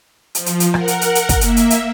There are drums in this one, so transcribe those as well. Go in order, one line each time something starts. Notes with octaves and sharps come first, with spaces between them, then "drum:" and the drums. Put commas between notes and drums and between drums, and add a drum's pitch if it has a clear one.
F3, drum: hi-hat
drum: hi-hat
drum: hi-hat
A#4 F#5, drum: rim click
drum: hi-hat
drum: hi-hat
drum: hi-hat
drum: kick, hi-hat
A#3 E5, drum: hi-hat
drum: hi-hat
drum: hi-hat